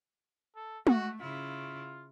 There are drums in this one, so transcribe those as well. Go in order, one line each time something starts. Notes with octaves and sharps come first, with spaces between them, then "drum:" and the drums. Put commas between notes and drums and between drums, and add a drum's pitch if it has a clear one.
A4
A3 F#4, drum: tom
C#3 E4 F4